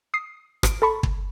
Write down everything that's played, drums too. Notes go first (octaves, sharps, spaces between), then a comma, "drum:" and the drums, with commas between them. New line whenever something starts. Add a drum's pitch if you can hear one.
D#6 C7
G#1 D7, drum: rim click
A4 A5 B5 C#6
drum: kick